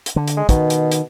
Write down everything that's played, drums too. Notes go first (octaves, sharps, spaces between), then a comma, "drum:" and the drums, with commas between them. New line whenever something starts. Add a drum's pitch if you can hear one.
drum: hi-hat
D3
drum: hi-hat
G#3
B2 D#3, drum: kick, hi-hat
drum: hi-hat
drum: hi-hat